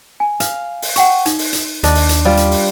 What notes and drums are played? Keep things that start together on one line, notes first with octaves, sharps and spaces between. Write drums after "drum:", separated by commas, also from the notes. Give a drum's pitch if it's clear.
G#5
F5, drum: hi-hat
drum: open hi-hat
F#5 G5 C#6, drum: hi-hat
D#4, drum: hi-hat
drum: open hi-hat
drum: hi-hat
D#2 D4 D#5, drum: hi-hat
drum: open hi-hat
drum: hi-hat
G3 F4
drum: hi-hat
drum: open hi-hat